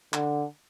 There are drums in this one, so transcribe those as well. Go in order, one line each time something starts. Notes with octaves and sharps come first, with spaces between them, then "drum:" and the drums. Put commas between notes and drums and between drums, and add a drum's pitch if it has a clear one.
D3, drum: clap